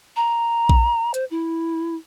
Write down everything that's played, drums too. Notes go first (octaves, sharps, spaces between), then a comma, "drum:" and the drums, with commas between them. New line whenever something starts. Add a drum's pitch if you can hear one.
A#5
drum: kick A#1
C5, drum: hi-hat
E4